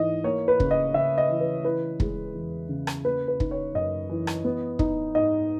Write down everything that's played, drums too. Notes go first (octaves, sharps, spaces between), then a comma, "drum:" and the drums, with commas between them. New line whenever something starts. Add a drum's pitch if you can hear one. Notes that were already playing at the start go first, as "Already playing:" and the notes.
Already playing: G#2 E3 D#5
A#3 C#5
B4
C#3, drum: kick
D#5
C#3 E5
D#5
E3
B4
E3 B4
G#3, drum: kick
E2
C#3
drum: rim click
A#3 B4
B4
D#4, drum: kick
C#5
F#2 D#5
E3
drum: rim click
B3
D#4, drum: kick
G#2 D#5